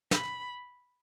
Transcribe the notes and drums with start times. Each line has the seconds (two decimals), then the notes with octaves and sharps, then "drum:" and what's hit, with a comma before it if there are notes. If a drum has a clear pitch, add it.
0.11 B5, drum: snare